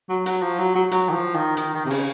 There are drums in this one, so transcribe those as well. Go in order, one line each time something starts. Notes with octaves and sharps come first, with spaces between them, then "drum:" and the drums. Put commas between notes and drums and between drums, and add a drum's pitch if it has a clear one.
F#3
F#3, drum: hi-hat
F3
F#3
F#3
F#3, drum: hi-hat
D#3
F3
D#3
D#3, drum: hi-hat
D#3
C3
C#3, drum: open hi-hat